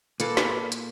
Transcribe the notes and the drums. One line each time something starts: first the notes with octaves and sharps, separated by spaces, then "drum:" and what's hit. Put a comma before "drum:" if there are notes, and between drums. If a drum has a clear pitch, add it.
A#2 A#3 A4 B4, drum: hi-hat
drum: snare
drum: hi-hat